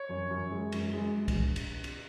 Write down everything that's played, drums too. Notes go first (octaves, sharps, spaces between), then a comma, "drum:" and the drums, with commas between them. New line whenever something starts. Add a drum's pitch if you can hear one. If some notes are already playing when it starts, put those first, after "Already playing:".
Already playing: C#5
F#2
F#2
G#3
F#2, drum: cymbal
G#3
drum: kick, cymbal
drum: cymbal
drum: cymbal